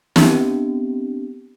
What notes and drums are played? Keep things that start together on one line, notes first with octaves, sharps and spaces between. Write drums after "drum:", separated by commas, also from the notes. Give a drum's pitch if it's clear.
B3 C4 D4 G4, drum: snare